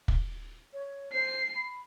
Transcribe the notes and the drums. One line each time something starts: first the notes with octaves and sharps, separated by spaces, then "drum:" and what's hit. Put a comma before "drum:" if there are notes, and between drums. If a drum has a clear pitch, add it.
drum: kick
C#5
C5 C7
B5